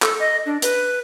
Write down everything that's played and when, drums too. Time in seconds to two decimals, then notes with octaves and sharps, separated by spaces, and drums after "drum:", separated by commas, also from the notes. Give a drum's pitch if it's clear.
0.02 A4, drum: clap
0.20 D#5
0.46 D4
0.62 B4, drum: hi-hat